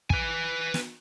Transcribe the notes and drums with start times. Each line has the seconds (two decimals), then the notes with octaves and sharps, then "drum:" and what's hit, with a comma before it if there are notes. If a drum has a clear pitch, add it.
0.10 B4 G#5, drum: kick
0.74 drum: snare